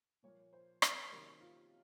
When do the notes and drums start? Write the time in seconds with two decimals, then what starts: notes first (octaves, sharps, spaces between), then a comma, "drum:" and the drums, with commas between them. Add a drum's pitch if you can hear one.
0.23 A#2 F3 A#3 C#5
0.53 C5
0.82 A#4, drum: rim click
1.11 C3 D#3 F#3 A#3 C#4 A#4
1.40 F4